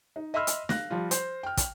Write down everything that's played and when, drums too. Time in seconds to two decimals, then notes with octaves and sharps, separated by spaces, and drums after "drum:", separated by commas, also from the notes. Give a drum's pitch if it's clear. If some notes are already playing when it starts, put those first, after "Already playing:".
0.16 D#4
0.34 D#5 E5 B5 C6 E6 F6
0.47 drum: hi-hat
0.69 F5 F#6 A#6, drum: snare
0.90 F3 G3 F4
1.11 C5, drum: hi-hat
1.43 G5 F6
1.57 drum: kick, hi-hat